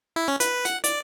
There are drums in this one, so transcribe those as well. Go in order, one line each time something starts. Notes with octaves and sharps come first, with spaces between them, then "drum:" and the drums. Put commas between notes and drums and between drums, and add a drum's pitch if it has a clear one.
E4
C#4
B4, drum: hi-hat
F#5, drum: hi-hat
D5, drum: hi-hat